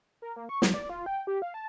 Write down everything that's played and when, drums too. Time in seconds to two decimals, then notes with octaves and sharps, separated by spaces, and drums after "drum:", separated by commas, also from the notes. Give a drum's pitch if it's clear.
0.22 A#4
0.36 A#3
0.49 C#6
0.62 F#3, drum: snare
0.74 D5
0.90 F4
1.06 G5
1.27 G4
1.42 F5
1.54 A5